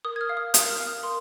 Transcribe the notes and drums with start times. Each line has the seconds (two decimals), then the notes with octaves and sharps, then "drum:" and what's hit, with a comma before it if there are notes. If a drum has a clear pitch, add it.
0.05 A#4 D#6
0.16 G#6
0.21 F6
0.29 F5
0.37 D#6
0.54 A#4 D#6, drum: hi-hat
0.71 F6
0.78 F5
0.87 D#6
1.03 A#4 C6